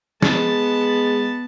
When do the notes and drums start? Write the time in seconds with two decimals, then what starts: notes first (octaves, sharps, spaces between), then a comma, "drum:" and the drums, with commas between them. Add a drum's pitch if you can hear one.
0.22 G#3 B3 A5, drum: snare